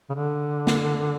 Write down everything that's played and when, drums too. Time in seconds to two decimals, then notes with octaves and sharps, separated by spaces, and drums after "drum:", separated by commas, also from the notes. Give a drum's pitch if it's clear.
0.09 C#3
0.14 D3
0.67 drum: snare